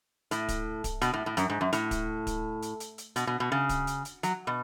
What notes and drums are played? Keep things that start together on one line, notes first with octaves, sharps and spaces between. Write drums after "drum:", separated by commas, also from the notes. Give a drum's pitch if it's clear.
A2, drum: hi-hat
drum: kick D1, hi-hat
drum: kick D1, hi-hat
B2, drum: hi-hat
A2
A2
F#2, drum: hi-hat
G#2
F#2
A2, drum: hi-hat
drum: kick D1, hi-hat
drum: kick D1, hi-hat
drum: hi-hat
drum: hi-hat
drum: hi-hat
B2, drum: hi-hat
B2
B2
C#3
drum: kick D1, hi-hat
drum: hi-hat
drum: hi-hat
F#3, drum: hi-hat
B2